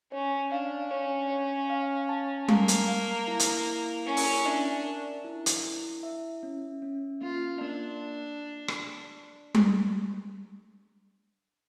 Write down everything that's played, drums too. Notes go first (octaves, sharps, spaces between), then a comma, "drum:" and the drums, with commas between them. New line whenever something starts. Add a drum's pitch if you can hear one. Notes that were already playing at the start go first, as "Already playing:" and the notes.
C#4 C#5
D4 F5
C#4 C#5
C#5
F5
A5
A#3 F5, drum: tom G3
drum: hi-hat
F5
E4
drum: hi-hat
E4
C#4 A#4
drum: open hi-hat
D4 E5
A#4
E4
drum: hi-hat
E4
E5
C#4
C#4
A#3 F4
A#3 D4
drum: rim click
drum: tom G3